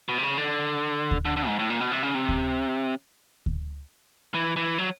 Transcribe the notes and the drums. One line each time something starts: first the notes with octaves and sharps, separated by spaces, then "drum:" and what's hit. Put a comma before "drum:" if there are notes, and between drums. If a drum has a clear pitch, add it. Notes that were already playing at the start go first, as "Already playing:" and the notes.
B2
C3
C#3
D3
drum: kick D2
D3
D3
G#2
A2
A#2
B2
C3
C#3
C3
drum: kick D2
drum: kick D2
E3
E3
F#3